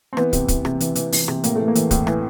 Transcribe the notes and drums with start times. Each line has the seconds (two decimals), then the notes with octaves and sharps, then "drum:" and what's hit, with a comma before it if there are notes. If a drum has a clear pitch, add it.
0.13 C4
0.17 E3 B3, drum: rim click
0.33 C3, drum: kick, hi-hat
0.48 E3, drum: kick, hi-hat
0.65 C3, drum: rim click
0.80 E3, drum: hi-hat
0.95 E3, drum: hi-hat
1.12 E3, drum: open hi-hat
1.28 C3, drum: rim click
1.44 A2 A#3, drum: hi-hat
1.56 E3 A3
1.68 A#3
1.75 E3, drum: hi-hat
1.91 A2, drum: kick, hi-hat
2.07 E3, drum: rim click